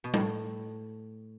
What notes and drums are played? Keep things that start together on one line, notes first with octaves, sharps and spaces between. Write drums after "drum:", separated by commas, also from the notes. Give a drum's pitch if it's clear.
B2
A2, drum: tom G3